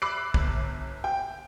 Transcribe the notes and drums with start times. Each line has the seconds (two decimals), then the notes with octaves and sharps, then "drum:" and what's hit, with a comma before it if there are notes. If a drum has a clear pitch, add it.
0.02 B5 D6 E6 F#6 C7
0.34 G1, drum: kick
1.04 G5